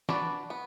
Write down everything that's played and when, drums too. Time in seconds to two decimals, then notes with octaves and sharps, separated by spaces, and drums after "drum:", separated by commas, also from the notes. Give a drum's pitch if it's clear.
0.09 D4 F#4 B4 D5, drum: snare
0.50 B3